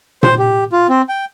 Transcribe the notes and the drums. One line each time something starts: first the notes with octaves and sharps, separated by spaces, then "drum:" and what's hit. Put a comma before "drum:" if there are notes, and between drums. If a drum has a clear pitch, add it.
C5, drum: tom A#2
G4
F4
C4
G5